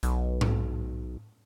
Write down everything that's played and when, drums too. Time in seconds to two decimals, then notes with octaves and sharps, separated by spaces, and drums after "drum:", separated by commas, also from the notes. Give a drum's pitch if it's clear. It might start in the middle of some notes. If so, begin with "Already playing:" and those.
0.03 B1, drum: hi-hat
0.41 drum: tom G#2